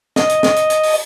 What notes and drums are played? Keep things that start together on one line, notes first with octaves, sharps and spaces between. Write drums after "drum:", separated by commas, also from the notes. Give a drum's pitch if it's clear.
D#5, drum: snare
drum: hi-hat
drum: snare
drum: hi-hat
drum: hi-hat
drum: open hi-hat